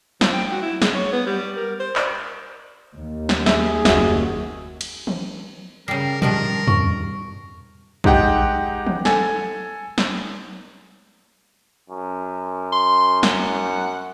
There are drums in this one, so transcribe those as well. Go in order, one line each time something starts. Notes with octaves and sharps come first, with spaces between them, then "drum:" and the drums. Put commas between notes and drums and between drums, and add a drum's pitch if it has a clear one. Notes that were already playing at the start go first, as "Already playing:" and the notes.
F3, drum: snare
G5
F#4
E4
G#3, drum: snare
C#5
B3
G3
A#4
C5
D5, drum: clap
D#2
drum: snare
G#4 E5, drum: snare
F#1 D#2 F#4 E5, drum: snare
drum: cymbal
drum: tom
C#3 G3 A#4 C7
D#3 F3 G3 D4 A#4, drum: tom
C#6, drum: tom
G#3 D#4 G4 F#5 G5, drum: kick
drum: tom
A4 G#5, drum: snare
drum: snare
F#2
C6
F#5, drum: snare